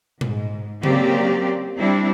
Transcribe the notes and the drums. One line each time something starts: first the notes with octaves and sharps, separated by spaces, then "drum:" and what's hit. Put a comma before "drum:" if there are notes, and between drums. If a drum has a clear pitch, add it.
G#2, drum: tom A#2
C#3 F#3 A#3 C4 G4 D5, drum: tom C#3
G3 C4 D4 E4